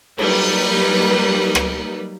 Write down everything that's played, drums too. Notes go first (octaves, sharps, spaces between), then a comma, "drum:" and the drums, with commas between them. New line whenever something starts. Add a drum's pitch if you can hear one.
F#3 G3 A#3 D#4 B4, drum: cymbal
drum: rim click